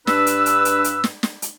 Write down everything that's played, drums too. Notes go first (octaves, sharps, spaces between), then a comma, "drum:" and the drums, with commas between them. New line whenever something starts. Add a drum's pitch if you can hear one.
G2 D4 B4 E6, drum: snare
drum: hi-hat
drum: hi-hat
drum: hi-hat
drum: hi-hat
drum: snare
drum: snare
drum: hi-hat